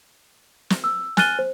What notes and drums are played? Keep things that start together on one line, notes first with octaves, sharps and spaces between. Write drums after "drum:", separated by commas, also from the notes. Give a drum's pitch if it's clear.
drum: snare
E6
G#5 F6 F#6 A6 D#7 G7, drum: snare
C5